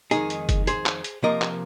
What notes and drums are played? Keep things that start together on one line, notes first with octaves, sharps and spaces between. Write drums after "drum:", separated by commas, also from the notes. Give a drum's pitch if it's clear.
F2 D#3 G#3 D#4 G#4, drum: hi-hat
drum: hi-hat
drum: kick F#1, hi-hat
G#4 C5, drum: hi-hat
drum: clap
drum: hi-hat
C3 F3 A#3 A#4 D#5
drum: clap